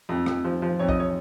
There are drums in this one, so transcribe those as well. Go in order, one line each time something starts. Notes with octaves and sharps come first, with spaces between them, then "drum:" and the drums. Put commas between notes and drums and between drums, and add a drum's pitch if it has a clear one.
F2
F2, drum: rim click
F3
F3
F2 C#5
D#5, drum: kick B1
C#5